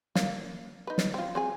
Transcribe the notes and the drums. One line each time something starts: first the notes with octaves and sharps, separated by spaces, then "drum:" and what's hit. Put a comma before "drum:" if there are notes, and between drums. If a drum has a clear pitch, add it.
A#3, drum: snare
D#4 B4
drum: snare
C4 F4
C4 G#4 G#5